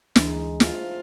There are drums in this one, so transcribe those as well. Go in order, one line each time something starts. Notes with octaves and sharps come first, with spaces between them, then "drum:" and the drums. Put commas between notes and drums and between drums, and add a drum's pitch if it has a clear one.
D2 E3 G#3 D4 D#4, drum: snare
F3 A3 F4, drum: snare